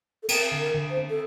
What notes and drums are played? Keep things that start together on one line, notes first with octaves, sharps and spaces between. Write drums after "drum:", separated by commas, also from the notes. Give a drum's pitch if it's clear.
A4
C4 A#4, drum: cymbal
D3
A#4
D3
C5
C4
A4